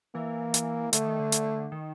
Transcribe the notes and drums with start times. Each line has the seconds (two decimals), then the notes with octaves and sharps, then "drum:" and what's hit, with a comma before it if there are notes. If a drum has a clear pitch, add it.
0.15 E3 A#3
0.54 drum: hi-hat
0.93 D3 A3, drum: hi-hat
1.06 D#3
1.19 D3
1.32 drum: hi-hat
1.72 D#3